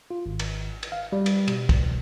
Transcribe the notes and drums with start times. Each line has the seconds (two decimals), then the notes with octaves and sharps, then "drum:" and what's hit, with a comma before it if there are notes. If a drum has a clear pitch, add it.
0.11 F4
0.26 G#1
0.39 drum: cymbal
0.83 drum: cymbal
0.92 F5
1.12 G3
1.26 drum: cymbal
1.48 B2, drum: cymbal
1.69 drum: kick, cymbal